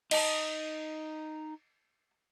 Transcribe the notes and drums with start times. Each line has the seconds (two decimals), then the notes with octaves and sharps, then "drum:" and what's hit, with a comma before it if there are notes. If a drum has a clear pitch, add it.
0.11 D#4 D#5 A5 D#6, drum: cymbal